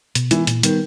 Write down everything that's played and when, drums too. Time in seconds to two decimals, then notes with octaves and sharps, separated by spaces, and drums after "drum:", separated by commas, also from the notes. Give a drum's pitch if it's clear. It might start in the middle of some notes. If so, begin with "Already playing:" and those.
0.15 B2, drum: hi-hat
0.31 E3 G#3 B3, drum: hi-hat
0.47 A#2, drum: hi-hat
0.63 D#3 G3 B3, drum: hi-hat